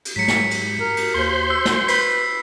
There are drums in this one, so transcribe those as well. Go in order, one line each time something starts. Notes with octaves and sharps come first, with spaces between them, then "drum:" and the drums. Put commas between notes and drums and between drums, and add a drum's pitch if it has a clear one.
drum: cymbal
G#2 F#3 B6 C#7
drum: snare
drum: cymbal
A#4
drum: cymbal
D#2 C5 C6 G6
E6
drum: snare
B4 B6 C7, drum: cymbal